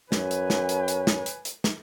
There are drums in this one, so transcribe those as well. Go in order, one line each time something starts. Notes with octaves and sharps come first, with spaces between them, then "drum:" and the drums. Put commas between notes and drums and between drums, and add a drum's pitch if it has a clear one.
F#2 B4 C#5 G#5, drum: snare
drum: hi-hat
drum: snare
drum: hi-hat
drum: hi-hat
drum: snare
drum: hi-hat
drum: hi-hat
drum: snare